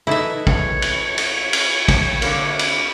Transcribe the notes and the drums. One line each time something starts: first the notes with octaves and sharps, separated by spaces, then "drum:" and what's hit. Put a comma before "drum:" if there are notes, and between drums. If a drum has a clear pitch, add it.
E3 A3 D#4 E4 E5
C#5, drum: kick
drum: cymbal
drum: cymbal
drum: cymbal
drum: kick, cymbal
D3 A#3, drum: cymbal
drum: cymbal